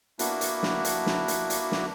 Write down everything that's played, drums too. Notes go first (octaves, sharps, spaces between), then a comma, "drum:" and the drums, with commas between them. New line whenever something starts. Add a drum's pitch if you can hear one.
A#3 B3 D4 E4 F#4, drum: hi-hat
drum: hi-hat
drum: snare
drum: hi-hat
drum: snare
drum: hi-hat
drum: hi-hat
drum: snare